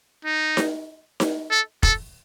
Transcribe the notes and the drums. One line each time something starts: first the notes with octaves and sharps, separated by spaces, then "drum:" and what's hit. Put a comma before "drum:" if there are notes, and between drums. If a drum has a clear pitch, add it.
D#4
drum: snare D#4
drum: snare D#4
A4
A4, drum: kick F1